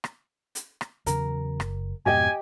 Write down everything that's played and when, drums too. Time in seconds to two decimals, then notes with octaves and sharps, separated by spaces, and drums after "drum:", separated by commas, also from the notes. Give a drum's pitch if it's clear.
0.04 drum: rim click
0.55 drum: hi-hat
0.81 drum: rim click
1.06 E2 C#3 F#3 A#4, drum: hi-hat
1.60 F#1, drum: rim click
2.06 F2 G#2 B2 G4 D#5 G5 G#5